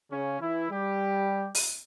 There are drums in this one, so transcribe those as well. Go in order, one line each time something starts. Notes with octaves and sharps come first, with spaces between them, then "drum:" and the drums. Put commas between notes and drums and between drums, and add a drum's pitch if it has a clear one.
C#3 C#4
E3 E4
G3 G4
drum: open hi-hat